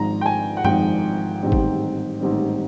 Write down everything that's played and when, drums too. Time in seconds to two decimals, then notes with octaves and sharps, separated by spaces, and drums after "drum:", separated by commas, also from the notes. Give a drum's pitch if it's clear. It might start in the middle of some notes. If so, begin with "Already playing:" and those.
Already playing: G#1 G#2 F3 A#5
0.21 G5
0.26 G#5
0.57 F#5
0.64 G#1 G#2 F3 G5, drum: tom F#2
1.43 A1 G#2 D#3 G3 C4
1.52 drum: kick G1
2.21 A1 G#2 D#3 G3 C4